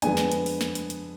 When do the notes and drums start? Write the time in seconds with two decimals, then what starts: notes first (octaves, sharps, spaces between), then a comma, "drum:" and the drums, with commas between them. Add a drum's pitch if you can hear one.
0.02 F2 D3 G#3 B3 D4 G#5, drum: hi-hat
0.17 drum: snare
0.32 drum: hi-hat
0.46 drum: open hi-hat
0.61 drum: snare
0.75 drum: hi-hat
0.90 drum: hi-hat